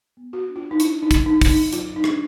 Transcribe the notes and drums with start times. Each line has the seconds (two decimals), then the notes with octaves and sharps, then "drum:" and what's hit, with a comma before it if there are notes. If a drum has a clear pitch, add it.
0.17 B3
0.33 F#4
0.49 D4
0.56 F4
0.71 D#4
0.80 D4 E4, drum: hi-hat
1.03 D#4
1.11 F#3, drum: kick, hi-hat
1.26 D#4
1.41 A3, drum: kick, open hi-hat
1.49 D#4
1.73 F#3 F4, drum: hi-hat
1.96 D#4
2.04 D4, drum: rim click